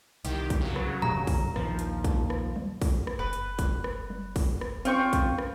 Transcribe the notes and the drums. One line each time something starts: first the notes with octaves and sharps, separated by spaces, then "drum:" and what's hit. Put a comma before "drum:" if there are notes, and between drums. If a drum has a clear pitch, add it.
C2 D#3 G4, drum: hi-hat
drum: kick, hi-hat
C#3 F#3
drum: rim click
F1 D2 G2 A#5, drum: tom A2
drum: kick, open hi-hat
A#1 D#2 F3, drum: rim click
drum: hi-hat
drum: kick, hi-hat
drum: rim click
drum: tom F#3
drum: kick, open hi-hat
drum: rim click
F#1 B4
drum: hi-hat
drum: kick, hi-hat
drum: rim click
drum: tom F#3
drum: kick, open hi-hat
drum: rim click
C4 C#4 F4 C5 G5 C#6, drum: hi-hat
drum: kick, hi-hat
drum: rim click